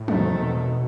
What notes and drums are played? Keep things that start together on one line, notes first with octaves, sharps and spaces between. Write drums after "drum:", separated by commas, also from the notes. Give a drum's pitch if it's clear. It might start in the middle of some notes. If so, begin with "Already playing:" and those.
Already playing: A2
E2 C3 D#3 F#3 A3, drum: tom
B2